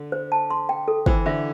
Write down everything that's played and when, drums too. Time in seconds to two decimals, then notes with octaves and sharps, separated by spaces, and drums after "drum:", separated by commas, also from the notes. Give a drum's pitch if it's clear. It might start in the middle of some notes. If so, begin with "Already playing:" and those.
Already playing: D3
0.12 C5
0.32 A5
0.50 C6
0.69 G5
0.88 A4
1.06 E3 C5, drum: kick
1.26 D3 E5